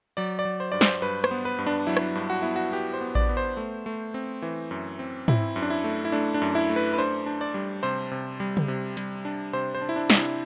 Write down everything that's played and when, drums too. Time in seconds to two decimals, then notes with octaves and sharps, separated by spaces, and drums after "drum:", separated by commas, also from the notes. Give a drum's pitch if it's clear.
0.17 F#3 D5
0.39 D5
0.45 F#3
0.60 C5
0.72 G2 D5
0.81 C5, drum: snare
1.02 G2 B4
1.24 C5, drum: rim click
1.31 B3
1.45 B4
1.58 G2
1.66 D4
1.87 F#3 E4
1.97 drum: rim click
2.15 G2
2.30 F#4
2.42 B3 E4
2.56 F#4
2.72 B3 G4
2.94 C5
3.01 B3
3.15 D5, drum: kick A1
3.29 B3
3.37 C5
3.57 A3
3.86 A3
4.14 C4
4.42 E3
4.71 F#2
4.99 C4
5.28 C4 E4, drum: tom
5.56 F#2
5.62 D4
5.70 E4
5.84 A3
6.05 E4
6.12 A3 D4
6.34 D4
6.42 F#2
6.55 E4
6.70 A3
6.76 B4
6.93 B4
6.98 D4 C5
7.26 D4
7.41 D5
7.54 G3
7.83 C3 C5
8.11 C3
8.40 G3
8.57 drum: tom
8.68 C3
8.97 G3, drum: hi-hat
9.25 D4
9.53 C3 C5
9.75 C5
9.82 D4
9.89 E4
9.96 D4
10.10 C3 D4, drum: snare
10.18 E4